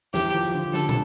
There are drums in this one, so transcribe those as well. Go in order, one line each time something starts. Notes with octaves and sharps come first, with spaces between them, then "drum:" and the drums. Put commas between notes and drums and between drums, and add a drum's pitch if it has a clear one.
E2 G4, drum: snare
F3
drum: hi-hat
D3
D3 A4, drum: snare
drum: tom